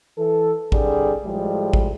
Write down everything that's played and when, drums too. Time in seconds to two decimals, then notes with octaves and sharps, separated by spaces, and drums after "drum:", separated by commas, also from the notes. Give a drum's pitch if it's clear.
0.17 E3 A4
0.72 C2 G2 D3 G3 G#4, drum: kick A1
1.25 A2 F3 G3 G#3
1.73 drum: kick A1